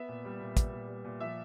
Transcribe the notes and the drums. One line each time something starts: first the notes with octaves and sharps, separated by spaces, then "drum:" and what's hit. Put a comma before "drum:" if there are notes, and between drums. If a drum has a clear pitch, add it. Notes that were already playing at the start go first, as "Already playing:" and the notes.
Already playing: B3 E5
A#2
G3
A#2
B3, drum: kick, hi-hat
A#2
G3
A#2
F3 E5